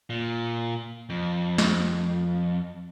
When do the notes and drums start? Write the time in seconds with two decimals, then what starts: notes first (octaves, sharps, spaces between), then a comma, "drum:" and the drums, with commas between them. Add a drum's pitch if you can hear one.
0.10 A#2
1.10 F2
1.58 drum: snare